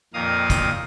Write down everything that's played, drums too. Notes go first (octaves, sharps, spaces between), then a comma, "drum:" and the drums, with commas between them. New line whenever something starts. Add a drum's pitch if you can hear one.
F2 A#2 D#3 A#4 F5 D#6
drum: kick, hi-hat